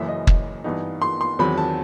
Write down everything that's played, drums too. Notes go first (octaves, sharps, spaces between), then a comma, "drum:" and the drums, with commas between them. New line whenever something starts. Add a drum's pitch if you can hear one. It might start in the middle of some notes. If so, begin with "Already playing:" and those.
Already playing: F#1 F#2 E3 E5
D#5
drum: kick
G2 E3 B3 D#4
C6
C6
E2 D#3 F#3 C4 B5
A5